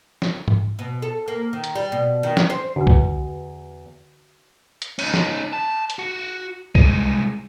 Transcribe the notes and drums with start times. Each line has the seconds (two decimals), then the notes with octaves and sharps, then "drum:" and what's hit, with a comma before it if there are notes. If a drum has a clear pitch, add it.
0.22 drum: snare
0.48 drum: tom G#2
0.79 B2
1.02 A4
1.28 A#3
1.53 D#3
1.64 drum: hi-hat
1.75 G3
1.92 B2
2.23 D#3
2.37 C#4, drum: snare
2.50 C5
2.76 E2 D3 F#4 B4
2.87 drum: kick C2
4.82 drum: hi-hat
4.99 C#4 D#4, drum: cymbal
5.14 drum: snare
5.53 A5
5.90 drum: hi-hat
5.99 F#4
6.75 C2 G#3, drum: kick C2